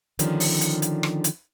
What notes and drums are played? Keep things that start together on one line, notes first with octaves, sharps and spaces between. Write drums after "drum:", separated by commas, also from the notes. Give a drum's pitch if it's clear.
D3 D#3 F3 G3 C#4, drum: hi-hat
drum: open hi-hat
drum: hi-hat
drum: hi-hat
drum: rim click
drum: hi-hat